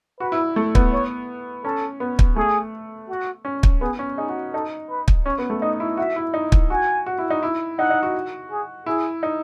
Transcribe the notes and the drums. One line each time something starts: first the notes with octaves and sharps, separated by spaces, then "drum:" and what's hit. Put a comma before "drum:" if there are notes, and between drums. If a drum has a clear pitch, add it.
F#4 B4
E4
A3
B3, drum: kick
C#5
C#4 A4
B3
drum: kick
A3 G#4
F#4
C#4
drum: kick
B3 G#4
C#4
D#4 G#4
F#4
D#4 A4
B4
drum: kick
C#4 C#5
B3
A3
D#4 D#5
E4
F#4 E5
E4
D#4
drum: kick
F#4 G#5
F#4
E4
D#4
E4
D#4 F#5
D#4
F#4
G#4
E4 G#4
D#4